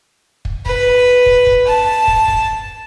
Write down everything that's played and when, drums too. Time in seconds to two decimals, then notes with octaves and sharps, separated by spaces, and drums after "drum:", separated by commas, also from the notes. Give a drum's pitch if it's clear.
0.45 drum: kick
0.66 B4, drum: kick
1.26 drum: kick
1.47 drum: kick
1.67 A5
2.08 drum: kick
2.28 drum: kick